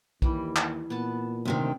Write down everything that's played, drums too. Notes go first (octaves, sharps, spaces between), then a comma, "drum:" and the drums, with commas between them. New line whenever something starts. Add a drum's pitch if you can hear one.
D#2 E3 G3, drum: kick B1
drum: clap
A#2 B3 A5
D2 C3 D#3